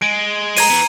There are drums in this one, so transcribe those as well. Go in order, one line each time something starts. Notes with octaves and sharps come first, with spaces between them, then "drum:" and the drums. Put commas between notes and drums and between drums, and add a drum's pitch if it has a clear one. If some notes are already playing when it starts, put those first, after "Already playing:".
G#3 D7
A#5 G#6 D#7, drum: open hi-hat
E3 B3